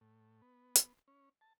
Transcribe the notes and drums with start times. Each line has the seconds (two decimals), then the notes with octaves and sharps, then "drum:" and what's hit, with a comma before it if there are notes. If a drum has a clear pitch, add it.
0.01 A2
0.42 B3
0.76 drum: hi-hat
1.08 C#4
1.41 A5